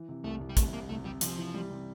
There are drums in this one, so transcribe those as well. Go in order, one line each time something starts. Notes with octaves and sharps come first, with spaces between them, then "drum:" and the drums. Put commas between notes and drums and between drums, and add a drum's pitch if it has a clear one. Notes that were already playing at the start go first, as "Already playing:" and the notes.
Already playing: E3
C3
C2 A3
C2
G3
C2 A3, drum: kick, hi-hat
C2 A#3
C3 A3
C3 G3
C3 F3, drum: hi-hat
E3
G3
C3